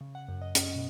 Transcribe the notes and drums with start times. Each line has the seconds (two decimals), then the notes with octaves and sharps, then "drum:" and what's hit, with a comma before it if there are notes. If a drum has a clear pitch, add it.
0.01 C#3
0.15 F#5
0.28 F#2
0.42 D#5
0.55 C#4, drum: hi-hat
0.75 B2